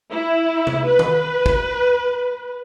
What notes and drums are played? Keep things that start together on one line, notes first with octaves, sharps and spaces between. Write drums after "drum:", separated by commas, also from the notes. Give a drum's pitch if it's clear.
E4
drum: tom C3
B4
drum: tom D#3
drum: kick